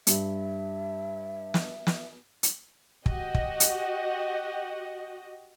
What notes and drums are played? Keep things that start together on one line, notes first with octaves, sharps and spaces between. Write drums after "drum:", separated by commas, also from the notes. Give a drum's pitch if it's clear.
G2 E5, drum: hi-hat
drum: snare
drum: snare
drum: hi-hat
F#4 G4 D#5, drum: kick
drum: kick
drum: hi-hat